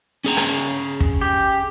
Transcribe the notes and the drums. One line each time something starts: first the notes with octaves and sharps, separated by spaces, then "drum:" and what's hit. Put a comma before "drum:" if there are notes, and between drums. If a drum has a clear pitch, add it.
C#4 G#4 A#5
drum: rim click
drum: kick
G4